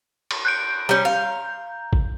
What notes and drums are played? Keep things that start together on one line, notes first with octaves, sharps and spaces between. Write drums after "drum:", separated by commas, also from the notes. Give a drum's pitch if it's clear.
drum: cymbal
F#6 G6 D7
G3 C#4 A#5 G6
F5
drum: kick G#1